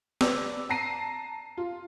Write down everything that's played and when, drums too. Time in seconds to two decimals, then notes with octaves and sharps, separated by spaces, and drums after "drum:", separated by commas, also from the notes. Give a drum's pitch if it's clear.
0.21 B4 D5 E6, drum: snare
0.69 A5 A#5 A#6 C7 D#7
1.58 F4